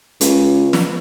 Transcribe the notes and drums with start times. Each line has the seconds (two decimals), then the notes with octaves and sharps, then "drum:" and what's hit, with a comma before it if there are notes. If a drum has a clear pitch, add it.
0.21 C#2, drum: hi-hat
0.73 drum: snare